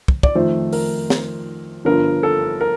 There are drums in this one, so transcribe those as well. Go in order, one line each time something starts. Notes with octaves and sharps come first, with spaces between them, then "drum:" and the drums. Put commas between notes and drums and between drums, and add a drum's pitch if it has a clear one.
drum: kick
D5, drum: kick
F2 D#3 A3 C5
A#4, drum: open hi-hat
drum: snare
G1 G2 F3 A#4
A4
A#4